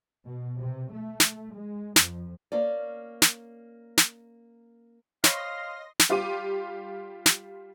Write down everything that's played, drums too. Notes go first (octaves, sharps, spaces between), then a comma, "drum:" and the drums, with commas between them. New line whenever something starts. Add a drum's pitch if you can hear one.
B2
C3
A3
drum: snare
G#3
F2, drum: snare
A#3 C#4 D5
drum: snare
drum: snare
C5 C#5 D#5 F5 B5 C6 A#6, drum: snare
drum: snare
G3 F4 G4 C6 D6 D#7
drum: snare